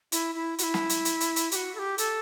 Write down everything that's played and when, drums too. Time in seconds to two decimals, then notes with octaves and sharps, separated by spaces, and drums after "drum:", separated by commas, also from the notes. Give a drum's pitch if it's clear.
0.12 E4, drum: hi-hat
0.35 E4
0.59 F#4, drum: hi-hat
0.63 E4
0.74 drum: snare
0.89 drum: hi-hat
1.05 drum: hi-hat
1.21 drum: hi-hat
1.36 drum: hi-hat
1.52 G4, drum: hi-hat
1.55 F#4
1.75 A4
1.79 G4
1.98 A4, drum: hi-hat